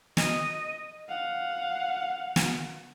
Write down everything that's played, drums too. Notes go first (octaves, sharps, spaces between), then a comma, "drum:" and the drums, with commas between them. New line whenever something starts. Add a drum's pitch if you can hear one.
D#5, drum: snare
F5 F#5
drum: snare